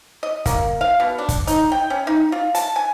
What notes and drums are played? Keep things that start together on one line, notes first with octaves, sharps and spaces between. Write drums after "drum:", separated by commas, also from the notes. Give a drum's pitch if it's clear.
D#5
A#3, drum: kick, hi-hat
F5
B2
D4
drum: kick, hi-hat
D#4, drum: hi-hat
G5
C#4
D#4
F4
A5, drum: hi-hat
G#5